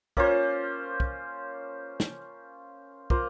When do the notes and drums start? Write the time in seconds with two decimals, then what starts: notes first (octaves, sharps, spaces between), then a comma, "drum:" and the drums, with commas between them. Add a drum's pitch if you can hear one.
0.17 A#3 C#4 F4 C5, drum: kick
1.00 drum: kick
2.00 drum: snare
3.10 A#3 F4 C5, drum: kick